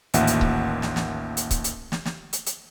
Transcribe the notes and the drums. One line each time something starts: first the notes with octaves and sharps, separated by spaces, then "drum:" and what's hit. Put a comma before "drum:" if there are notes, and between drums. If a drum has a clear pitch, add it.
A1 D#2 A#2 F4 E5 F#5, drum: hi-hat
drum: hi-hat
drum: kick C#1
drum: snare
drum: snare
drum: hi-hat
drum: kick C#1, hi-hat
drum: hi-hat
drum: snare
drum: snare
drum: hi-hat
drum: hi-hat